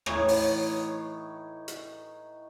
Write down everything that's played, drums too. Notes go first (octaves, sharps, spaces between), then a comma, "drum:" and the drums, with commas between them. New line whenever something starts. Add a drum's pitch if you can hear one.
A2 E3 D#4 C#5, drum: rim click
drum: open hi-hat
drum: hi-hat